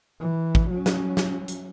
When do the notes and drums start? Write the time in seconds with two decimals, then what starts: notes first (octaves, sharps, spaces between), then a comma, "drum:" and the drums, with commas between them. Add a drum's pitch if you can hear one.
0.20 E3
0.55 drum: kick
0.70 F#3 C#4
0.86 drum: snare
1.17 drum: snare
1.48 drum: hi-hat